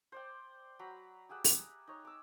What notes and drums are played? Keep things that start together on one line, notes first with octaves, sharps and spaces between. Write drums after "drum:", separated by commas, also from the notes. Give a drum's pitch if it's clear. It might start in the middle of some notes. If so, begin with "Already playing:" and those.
C5 D5 G5
F#3 A#5 B5
G4 G#4 E5 F#5
drum: open hi-hat
D#4 C#5
D6 E6